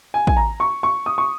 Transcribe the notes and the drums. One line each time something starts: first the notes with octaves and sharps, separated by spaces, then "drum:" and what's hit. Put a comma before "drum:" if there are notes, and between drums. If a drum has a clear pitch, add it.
G#5
G#5, drum: kick
A#5
C#6
C#6
D#6
C#6